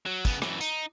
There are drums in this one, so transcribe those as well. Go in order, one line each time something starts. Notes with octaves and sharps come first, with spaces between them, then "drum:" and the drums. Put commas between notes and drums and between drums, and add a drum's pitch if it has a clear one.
F#3
C#3 B3, drum: kick, tambourine
F#2 E3, drum: rim click
D#4, drum: tambourine